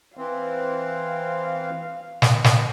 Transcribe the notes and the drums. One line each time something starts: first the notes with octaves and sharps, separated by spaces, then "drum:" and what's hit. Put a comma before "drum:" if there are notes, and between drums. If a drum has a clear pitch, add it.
E3 C4 F5
drum: snare
drum: snare